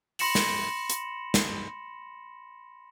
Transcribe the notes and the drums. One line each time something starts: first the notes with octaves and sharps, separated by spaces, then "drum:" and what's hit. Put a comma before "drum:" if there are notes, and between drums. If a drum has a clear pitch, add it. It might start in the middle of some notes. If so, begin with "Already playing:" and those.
B5 C6 A#6 C#7 E7 F#7, drum: open hi-hat
drum: snare
drum: hi-hat
drum: snare